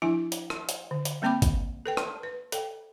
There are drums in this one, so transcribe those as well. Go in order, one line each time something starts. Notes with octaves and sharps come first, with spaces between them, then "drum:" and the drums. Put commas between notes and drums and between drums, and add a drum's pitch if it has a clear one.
F3 D4 E4 G#5
drum: hi-hat
drum: rim click
drum: hi-hat
D3
drum: hi-hat
G3 A#3 C4 G5 B5 D6
drum: kick, hi-hat
A4 B4 G5
drum: rim click
B4
A4 G5, drum: hi-hat